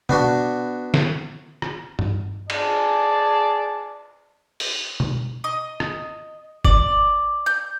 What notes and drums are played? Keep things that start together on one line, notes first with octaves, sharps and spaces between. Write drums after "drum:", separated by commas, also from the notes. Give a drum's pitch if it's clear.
B3 D4 F#4, drum: tom B2
drum: snare
drum: rim click
drum: tom G2
G#4 D5 A5, drum: cymbal
drum: open hi-hat
drum: tom B2
D#5
drum: rim click
D5, drum: kick G1
G6